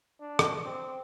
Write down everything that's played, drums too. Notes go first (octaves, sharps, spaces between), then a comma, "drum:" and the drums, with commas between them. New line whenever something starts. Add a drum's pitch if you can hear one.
D4
drum: rim click
C4